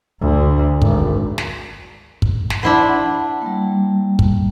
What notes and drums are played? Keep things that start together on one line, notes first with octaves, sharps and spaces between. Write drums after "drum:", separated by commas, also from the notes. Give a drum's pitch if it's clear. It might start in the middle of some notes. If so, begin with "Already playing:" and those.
D2
G#1, drum: kick
drum: snare
drum: kick
drum: snare
D4 E4 C5 F#5 B5
G3 A#3
drum: kick